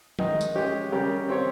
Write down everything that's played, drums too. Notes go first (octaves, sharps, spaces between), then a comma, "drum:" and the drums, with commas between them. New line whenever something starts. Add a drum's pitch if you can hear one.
D#3 G#3 D#4, drum: tom F3
drum: tambourine
G#3 C#4 G4
C#3 G3 C#4 G4 A#4
C4 G4 C#5